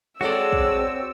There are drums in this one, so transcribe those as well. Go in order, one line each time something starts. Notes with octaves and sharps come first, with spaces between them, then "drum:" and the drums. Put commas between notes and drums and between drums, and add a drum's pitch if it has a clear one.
G#3 C4 F#4 A4 C#5 D5 E6
drum: kick